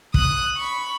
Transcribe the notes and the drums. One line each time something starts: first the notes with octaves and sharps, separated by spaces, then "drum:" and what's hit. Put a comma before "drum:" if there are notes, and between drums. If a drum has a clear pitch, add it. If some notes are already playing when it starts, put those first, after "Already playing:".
D#6 F#6, drum: kick
B5 C#6